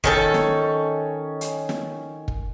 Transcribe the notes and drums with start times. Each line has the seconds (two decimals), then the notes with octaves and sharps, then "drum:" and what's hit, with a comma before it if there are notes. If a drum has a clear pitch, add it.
0.04 D#3 C#4 A4, drum: kick
0.34 drum: snare
1.41 drum: hi-hat
1.69 drum: snare
2.28 drum: kick